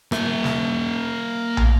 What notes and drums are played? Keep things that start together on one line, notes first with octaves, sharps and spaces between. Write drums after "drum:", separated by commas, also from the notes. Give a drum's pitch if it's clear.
A#3 E5, drum: rim click
drum: snare
drum: tom